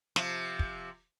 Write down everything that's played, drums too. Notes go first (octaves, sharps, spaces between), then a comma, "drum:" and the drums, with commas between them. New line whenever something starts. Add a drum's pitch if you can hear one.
C3 F3, drum: snare
drum: kick